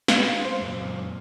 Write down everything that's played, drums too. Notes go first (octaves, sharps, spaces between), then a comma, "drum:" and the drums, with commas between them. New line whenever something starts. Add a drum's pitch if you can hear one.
B4 F5 D7, drum: snare
C5 C6
F#2 A#2